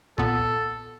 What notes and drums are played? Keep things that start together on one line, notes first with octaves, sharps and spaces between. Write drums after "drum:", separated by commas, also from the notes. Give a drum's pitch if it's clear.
A#2 B3 A4, drum: kick B1